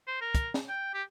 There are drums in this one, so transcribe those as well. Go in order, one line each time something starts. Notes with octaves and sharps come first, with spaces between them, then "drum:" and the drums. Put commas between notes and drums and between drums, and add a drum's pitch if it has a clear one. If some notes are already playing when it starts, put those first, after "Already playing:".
C5
A#4
drum: kick, hi-hat
drum: snare
G5
G4